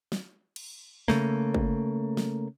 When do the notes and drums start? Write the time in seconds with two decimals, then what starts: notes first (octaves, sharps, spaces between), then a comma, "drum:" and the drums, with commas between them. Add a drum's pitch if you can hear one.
0.12 drum: snare
0.56 drum: cymbal
1.08 C#3 A3 A#3, drum: snare
1.54 drum: kick
2.17 drum: snare